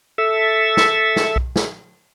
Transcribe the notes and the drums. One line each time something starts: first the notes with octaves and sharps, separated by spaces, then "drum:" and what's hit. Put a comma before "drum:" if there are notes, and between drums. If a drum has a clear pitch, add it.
A4 E5
drum: snare
drum: snare
drum: kick B1
drum: snare